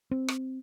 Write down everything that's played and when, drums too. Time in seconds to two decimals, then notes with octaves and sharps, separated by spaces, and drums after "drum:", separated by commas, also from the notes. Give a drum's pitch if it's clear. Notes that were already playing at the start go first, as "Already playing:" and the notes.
0.11 C4
0.28 drum: rim click